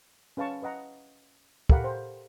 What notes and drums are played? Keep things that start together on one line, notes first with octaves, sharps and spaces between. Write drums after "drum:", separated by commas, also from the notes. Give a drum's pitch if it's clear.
C#4 B4 F5 A5 C#6
B4 D#5 F#5 A#5
G4 A4 A#4 F5 F#5 B5, drum: kick
C5